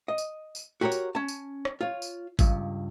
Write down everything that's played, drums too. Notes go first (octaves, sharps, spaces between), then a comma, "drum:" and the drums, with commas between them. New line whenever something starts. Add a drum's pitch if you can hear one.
D#5
drum: tambourine
drum: tambourine
F#4 G4 A#4 C5 C#5
drum: tambourine
C#4 A5
drum: tambourine
drum: rim click
F4 C#5
drum: tambourine
C#2 G2, drum: kick, tambourine